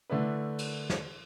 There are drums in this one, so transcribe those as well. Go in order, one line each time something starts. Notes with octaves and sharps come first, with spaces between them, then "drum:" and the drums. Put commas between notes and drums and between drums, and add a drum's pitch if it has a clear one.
D3 A3 D4 E4 B4
drum: cymbal
drum: snare